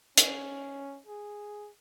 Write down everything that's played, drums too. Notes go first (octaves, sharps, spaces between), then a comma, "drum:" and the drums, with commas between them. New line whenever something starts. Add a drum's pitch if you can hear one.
C#4, drum: hi-hat
G#4